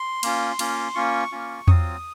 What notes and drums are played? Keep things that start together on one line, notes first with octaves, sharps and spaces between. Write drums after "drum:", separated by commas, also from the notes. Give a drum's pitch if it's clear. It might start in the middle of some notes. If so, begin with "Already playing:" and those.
Already playing: C6
A#3 C#4 F4, drum: cymbal
A#3 C#4 F4, drum: cymbal
A#3 C#4 F4 C#6
A#3 C#4 F4
F#3 C4 F4 D#6, drum: tom E2